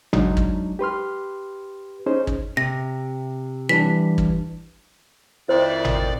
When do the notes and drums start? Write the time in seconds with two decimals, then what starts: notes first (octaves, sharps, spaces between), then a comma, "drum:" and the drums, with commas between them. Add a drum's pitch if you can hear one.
0.13 F#3 G#3 D4 D#4, drum: tom G#1
0.37 drum: kick
0.79 G4 B4 C6 F6
2.06 C#4 D#4 G#4 C5
2.27 drum: kick
2.57 C3 A#6
3.69 E3 G3 D4 B6
4.18 drum: kick
5.49 F2 D#3 E4 C5 D5
5.85 drum: tom G#1